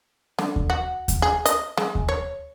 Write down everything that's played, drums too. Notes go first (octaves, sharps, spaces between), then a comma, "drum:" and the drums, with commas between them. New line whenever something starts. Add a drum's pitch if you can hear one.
D3, drum: snare
drum: kick D#2
F#4
drum: kick D#2, hi-hat
G#4
D#5, drum: hi-hat
G#3, drum: snare
drum: kick D#2
C#5